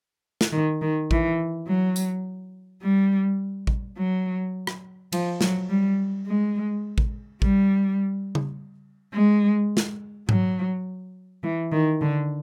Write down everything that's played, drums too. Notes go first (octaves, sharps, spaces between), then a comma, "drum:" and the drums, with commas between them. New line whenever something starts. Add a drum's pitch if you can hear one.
drum: snare
D#3
D#3
E3, drum: kick A1
F#3
drum: tambourine
G3
drum: kick A1
F#3
drum: rim click
F3, drum: cymbal
F#3, drum: snare
G3
G#3
drum: kick A1
G3, drum: kick A1
drum: tom C#3
G#3
drum: snare
F#3, drum: tom G#2
E3
D#3
D3